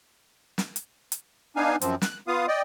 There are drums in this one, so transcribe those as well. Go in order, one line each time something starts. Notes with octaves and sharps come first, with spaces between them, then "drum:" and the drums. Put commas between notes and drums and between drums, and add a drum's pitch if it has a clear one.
drum: snare
drum: hi-hat
drum: hi-hat
B3 D4 D#4 F5 G#5
F#2 F3 C4, drum: hi-hat
F#6, drum: snare
B3 F4 F5 D#6
D5 D#5 G5